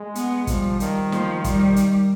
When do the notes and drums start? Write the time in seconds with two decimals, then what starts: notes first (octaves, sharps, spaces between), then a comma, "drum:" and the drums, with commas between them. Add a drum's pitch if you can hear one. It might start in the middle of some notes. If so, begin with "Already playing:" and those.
Already playing: G#3
0.15 B3, drum: hi-hat
0.47 F3 G3, drum: kick, hi-hat
0.80 D#3, drum: hi-hat
1.12 F3, drum: snare
1.44 G3, drum: kick, hi-hat
1.76 drum: hi-hat